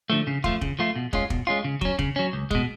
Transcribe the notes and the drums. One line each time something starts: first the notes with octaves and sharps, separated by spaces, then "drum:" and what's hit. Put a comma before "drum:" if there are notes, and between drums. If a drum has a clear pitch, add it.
D3 F3 A3
C#3
F3 A3 F4, drum: kick
C#3, drum: kick
F3 A3 F4
B2
G#3 C#4 F4, drum: kick
B2, drum: kick
G#3 C#4 F4
C#3
F#3 C#4, drum: kick
C#3, drum: kick
F#3 C#4
C#2
B2 G#3, drum: kick